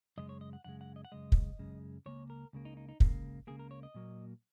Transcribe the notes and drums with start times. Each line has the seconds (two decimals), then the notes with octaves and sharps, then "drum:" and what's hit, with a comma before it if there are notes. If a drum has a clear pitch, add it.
0.18 F#2 C#3 G#3 D#5
0.29 C#5
0.41 D#5
0.53 F#5
0.64 F#2 C#3 G#3 F#5
0.81 F#5
0.96 D#5
1.05 F#5
1.12 F#2 C#3 G#3 D#5
1.32 drum: kick
1.59 F#2 C#3 G#3
2.06 C#2 C#3 A#3 C#5
2.30 A#4
2.53 C#2 C#3 A#3
2.65 D#4
2.77 D#4
2.89 D#4
3.00 C#2 C#3 A#3, drum: kick
3.47 C#2 C#3 A#3 G#4
3.59 A#4
3.71 C#5
3.83 D#5
3.95 A#2 F#3 A#3